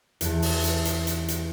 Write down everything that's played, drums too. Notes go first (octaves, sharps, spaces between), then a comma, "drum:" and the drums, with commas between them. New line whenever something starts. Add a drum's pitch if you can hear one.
E2 A5, drum: hi-hat
drum: open hi-hat
drum: hi-hat
drum: hi-hat
drum: hi-hat
drum: hi-hat